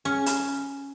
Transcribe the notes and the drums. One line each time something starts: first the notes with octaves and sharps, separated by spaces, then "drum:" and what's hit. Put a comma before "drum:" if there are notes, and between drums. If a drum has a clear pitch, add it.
C#4
drum: hi-hat